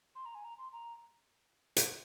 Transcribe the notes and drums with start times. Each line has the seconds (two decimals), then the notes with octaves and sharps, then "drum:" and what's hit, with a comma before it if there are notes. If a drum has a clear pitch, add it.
0.15 C6
0.26 A#5
0.35 G#5
0.44 A#5
0.58 C6
0.73 A#5
1.76 drum: hi-hat